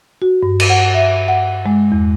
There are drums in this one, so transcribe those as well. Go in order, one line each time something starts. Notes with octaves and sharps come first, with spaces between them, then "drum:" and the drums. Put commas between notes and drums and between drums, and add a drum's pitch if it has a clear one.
F#4
G2
drum: cymbal
F#5
E5
F#5
G#3
E2